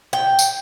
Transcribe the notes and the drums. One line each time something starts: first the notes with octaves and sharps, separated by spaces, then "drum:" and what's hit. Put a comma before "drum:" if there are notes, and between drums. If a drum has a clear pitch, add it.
G5
drum: tambourine